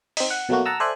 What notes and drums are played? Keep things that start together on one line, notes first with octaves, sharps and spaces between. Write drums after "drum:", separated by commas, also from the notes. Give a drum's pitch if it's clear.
C4 D#4, drum: open hi-hat
F#5
B2 F#3 A3 A#3 F#4
F#5 A5 A#5 D#6 E6
A4 C5 D5 E5 G#5 F#6